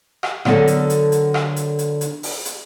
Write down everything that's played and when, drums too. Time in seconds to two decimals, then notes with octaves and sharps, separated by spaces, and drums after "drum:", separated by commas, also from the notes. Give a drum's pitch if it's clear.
0.23 drum: rim click
0.45 D3 F#3 B3 A4 A#4, drum: rim click
0.67 drum: hi-hat
0.90 drum: hi-hat
1.12 drum: hi-hat
1.34 drum: rim click
1.56 drum: hi-hat
1.79 drum: hi-hat
2.01 drum: hi-hat
2.23 drum: open hi-hat
2.45 drum: hi-hat